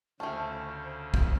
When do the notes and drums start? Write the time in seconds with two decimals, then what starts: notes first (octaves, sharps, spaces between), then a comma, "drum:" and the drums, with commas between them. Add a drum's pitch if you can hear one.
0.20 D2 C#3 A3 C#4 C5 A5
1.14 drum: kick